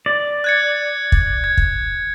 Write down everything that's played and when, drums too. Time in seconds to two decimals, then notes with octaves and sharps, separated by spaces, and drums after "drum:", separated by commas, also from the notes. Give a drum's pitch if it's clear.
0.06 D5
0.44 F#6 G#6 C#7
1.12 drum: kick
1.44 G#6
1.57 drum: kick